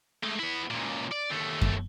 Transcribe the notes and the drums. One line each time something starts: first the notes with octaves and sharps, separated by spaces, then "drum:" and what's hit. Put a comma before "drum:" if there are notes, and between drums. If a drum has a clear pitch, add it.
G#3 A3
B3 E4
C#2 A#2
D5
D#2 A3
drum: kick F#2